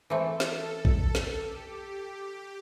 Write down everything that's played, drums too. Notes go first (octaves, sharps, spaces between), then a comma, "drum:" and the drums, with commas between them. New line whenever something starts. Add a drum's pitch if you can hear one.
E3 A3 C4 A4
drum: snare
drum: kick A1
drum: snare
G4